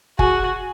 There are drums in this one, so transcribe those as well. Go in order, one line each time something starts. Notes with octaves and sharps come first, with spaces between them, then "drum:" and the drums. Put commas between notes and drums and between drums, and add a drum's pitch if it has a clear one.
F#4 G#4 G#5, drum: kick F#1